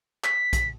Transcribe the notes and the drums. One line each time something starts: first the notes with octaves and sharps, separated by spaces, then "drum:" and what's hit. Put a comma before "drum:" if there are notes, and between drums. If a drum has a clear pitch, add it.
B6, drum: clap
drum: kick A#1, hi-hat